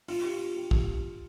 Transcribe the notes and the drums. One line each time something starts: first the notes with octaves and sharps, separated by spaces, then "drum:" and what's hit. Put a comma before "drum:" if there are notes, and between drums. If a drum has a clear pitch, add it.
F4, drum: open hi-hat
G4
G4
drum: kick